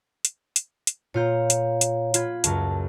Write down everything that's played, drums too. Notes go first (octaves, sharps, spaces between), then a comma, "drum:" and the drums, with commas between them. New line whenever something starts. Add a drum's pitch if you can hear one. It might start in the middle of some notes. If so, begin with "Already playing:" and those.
drum: hi-hat
drum: hi-hat
drum: hi-hat
A#2 F4 C#5 F5 A#5 G6
drum: hi-hat
drum: hi-hat
F4 B5 G#6, drum: hi-hat
C#2 F#2 A#4 A5, drum: hi-hat